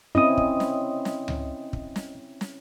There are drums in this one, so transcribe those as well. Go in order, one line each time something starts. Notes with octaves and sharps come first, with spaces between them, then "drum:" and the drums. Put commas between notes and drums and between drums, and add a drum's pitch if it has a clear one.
C4 C#4 E4 D#5 D#6
drum: kick
drum: snare
drum: snare
drum: tom C#2
drum: kick
drum: snare
drum: snare